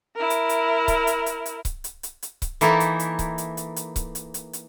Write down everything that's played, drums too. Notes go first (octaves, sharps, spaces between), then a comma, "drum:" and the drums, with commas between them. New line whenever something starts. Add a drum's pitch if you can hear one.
E4 A#4
drum: hi-hat
drum: hi-hat
drum: kick C#1, hi-hat
drum: hi-hat
drum: hi-hat
drum: hi-hat
drum: kick C#1, hi-hat
drum: hi-hat
drum: hi-hat
drum: hi-hat
drum: kick C#1, hi-hat
E3 A#3 D#4 E4 A4, drum: hi-hat
drum: hi-hat
drum: hi-hat
drum: kick C#1, hi-hat
drum: hi-hat
drum: hi-hat
drum: hi-hat
drum: kick C#1, hi-hat
drum: hi-hat
drum: hi-hat
drum: hi-hat